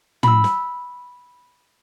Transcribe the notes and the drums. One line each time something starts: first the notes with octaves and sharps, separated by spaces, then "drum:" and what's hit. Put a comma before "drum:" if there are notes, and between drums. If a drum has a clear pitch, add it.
B5 E6, drum: tom
drum: snare